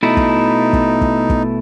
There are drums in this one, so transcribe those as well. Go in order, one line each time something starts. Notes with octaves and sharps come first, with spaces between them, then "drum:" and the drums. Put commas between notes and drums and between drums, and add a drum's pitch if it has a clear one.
B2 A3 D#4 E4
drum: kick
drum: kick
drum: kick
drum: kick